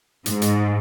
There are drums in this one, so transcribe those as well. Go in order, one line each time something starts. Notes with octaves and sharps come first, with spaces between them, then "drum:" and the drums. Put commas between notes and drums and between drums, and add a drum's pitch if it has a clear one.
G#2, drum: hi-hat
drum: hi-hat